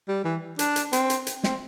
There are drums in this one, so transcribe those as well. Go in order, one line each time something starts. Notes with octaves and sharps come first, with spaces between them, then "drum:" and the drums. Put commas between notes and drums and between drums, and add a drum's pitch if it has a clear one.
G3
E3
D4, drum: hi-hat
drum: hi-hat
C4, drum: hi-hat
drum: hi-hat
drum: hi-hat
C4, drum: snare